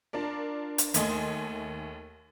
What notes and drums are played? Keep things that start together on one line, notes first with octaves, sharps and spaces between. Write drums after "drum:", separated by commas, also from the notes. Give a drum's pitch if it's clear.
D4 F4 A#4 D5
drum: hi-hat
D#2 A3 D#5 G#5 C6, drum: hi-hat